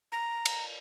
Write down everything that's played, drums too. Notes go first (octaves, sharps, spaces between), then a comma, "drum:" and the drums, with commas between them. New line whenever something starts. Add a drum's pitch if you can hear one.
A#5
drum: cymbal